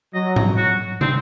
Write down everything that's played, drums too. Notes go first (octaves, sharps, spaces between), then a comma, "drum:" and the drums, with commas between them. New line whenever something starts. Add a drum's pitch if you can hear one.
F#3 D#5
drum: tom G#2
F#4
C4, drum: tom